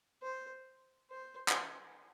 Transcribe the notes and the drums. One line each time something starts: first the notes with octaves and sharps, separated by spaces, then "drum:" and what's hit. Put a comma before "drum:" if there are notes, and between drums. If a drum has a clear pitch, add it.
C5
C5
drum: clap